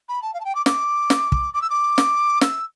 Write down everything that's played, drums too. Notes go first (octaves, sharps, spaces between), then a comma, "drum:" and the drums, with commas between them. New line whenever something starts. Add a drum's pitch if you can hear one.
B5
A5
F5
A5
G5
D6
D6, drum: snare
drum: snare
drum: kick
D6
E6
D6
drum: snare
E6, drum: snare